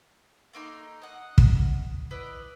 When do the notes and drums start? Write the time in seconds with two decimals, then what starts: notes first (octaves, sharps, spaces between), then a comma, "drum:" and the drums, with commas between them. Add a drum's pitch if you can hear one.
0.53 A3 A#3 D#4 C6
1.02 D#5 F#5
1.38 drum: kick
2.11 E4 B4 D5 D#5